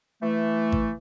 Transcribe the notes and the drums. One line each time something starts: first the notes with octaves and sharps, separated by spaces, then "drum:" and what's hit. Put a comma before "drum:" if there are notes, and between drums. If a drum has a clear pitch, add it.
E3 A3
drum: kick